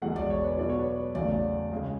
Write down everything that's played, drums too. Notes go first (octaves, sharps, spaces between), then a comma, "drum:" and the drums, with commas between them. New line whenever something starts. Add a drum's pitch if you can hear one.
E1 E2 B2 G#3 F#5
D5, drum: tom
C#5
B4
B1 B2 F#3 D5
C#5
B4
C#5
E2 C#3 F#3 A3 D5, drum: tom
C#2 C#3 G#3